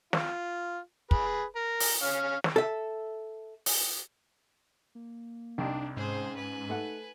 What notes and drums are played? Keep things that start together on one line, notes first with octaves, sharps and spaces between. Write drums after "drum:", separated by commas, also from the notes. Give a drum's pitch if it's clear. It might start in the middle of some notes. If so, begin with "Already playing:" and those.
F4, drum: snare
G#4 B4, drum: kick
A#4
drum: open hi-hat
C#4 F5
drum: snare
A4 E5
drum: open hi-hat
A#3
C2 D4 D#4
G#2 C#4 G#4 C5
B4 G#5
A3 D#4 F#5